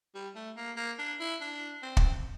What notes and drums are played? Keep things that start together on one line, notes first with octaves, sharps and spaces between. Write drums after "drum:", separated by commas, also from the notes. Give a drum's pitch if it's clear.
G3
A3
A#3
A#3
D4
E4
D4
C4
drum: kick